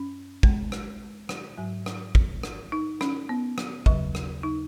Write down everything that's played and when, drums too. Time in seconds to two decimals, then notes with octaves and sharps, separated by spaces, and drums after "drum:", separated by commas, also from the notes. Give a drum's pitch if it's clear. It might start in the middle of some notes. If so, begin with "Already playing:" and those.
Already playing: F#2 C#4
0.43 G#3, drum: kick
0.72 drum: rim click
1.29 drum: rim click
1.58 G#2 F#3
1.86 drum: rim click
2.15 drum: kick
2.43 drum: rim click
2.72 D#4
3.01 C#4, drum: rim click
3.29 B3
3.58 drum: rim click
3.86 D#2 C#3 F#3, drum: kick
4.15 drum: rim click
4.43 D#4